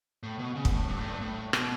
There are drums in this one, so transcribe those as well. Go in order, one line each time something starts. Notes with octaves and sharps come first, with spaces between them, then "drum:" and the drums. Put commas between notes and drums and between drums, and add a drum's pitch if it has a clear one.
A2
B2
C#3
B2, drum: kick
A2
G2
A2
G2
A2
B2, drum: rim click